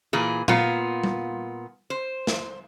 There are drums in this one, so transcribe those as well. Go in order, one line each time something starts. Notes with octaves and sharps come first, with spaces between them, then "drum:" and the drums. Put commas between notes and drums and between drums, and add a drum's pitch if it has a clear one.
A#2 E3 G#4
A#2 B3 F4, drum: tom A#2
drum: tom G3
C5
drum: snare